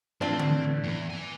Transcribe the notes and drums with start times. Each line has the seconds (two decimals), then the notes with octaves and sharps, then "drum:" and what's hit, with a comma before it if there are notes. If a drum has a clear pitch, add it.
0.21 A2 E3 C4 D4 F4
0.39 drum: tom D3
0.84 E2
1.10 B4 G#5